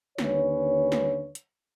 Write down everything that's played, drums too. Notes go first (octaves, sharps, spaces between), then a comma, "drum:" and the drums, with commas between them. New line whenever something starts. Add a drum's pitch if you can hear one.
D#2 D3 C#4 B4 C#5, drum: snare
drum: snare
drum: hi-hat